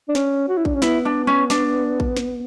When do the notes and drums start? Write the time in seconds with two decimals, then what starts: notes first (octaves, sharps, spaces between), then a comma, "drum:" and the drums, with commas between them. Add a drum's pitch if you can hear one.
0.09 D4
0.15 C#4, drum: snare
0.49 F#4
0.57 E4
0.65 D4, drum: kick A1
0.74 C#4
0.82 B3 E4, drum: snare
1.05 D4
1.27 C#4
1.50 D4, drum: snare
2.00 drum: kick A1
2.17 drum: snare